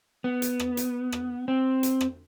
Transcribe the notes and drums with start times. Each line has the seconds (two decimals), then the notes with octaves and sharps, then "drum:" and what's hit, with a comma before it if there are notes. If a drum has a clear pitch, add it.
0.24 B3
0.42 drum: hi-hat
0.60 drum: rim click
0.77 drum: hi-hat
1.12 drum: rim click
1.48 C4
1.83 drum: hi-hat
2.01 drum: rim click